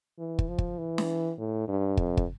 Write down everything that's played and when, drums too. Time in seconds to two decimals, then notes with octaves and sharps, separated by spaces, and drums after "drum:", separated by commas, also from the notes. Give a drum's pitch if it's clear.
0.19 E3
0.39 drum: kick
0.49 F3
0.58 drum: kick
0.78 E3
0.98 drum: snare
1.38 A2
1.68 G2
1.97 F2, drum: kick
2.17 drum: kick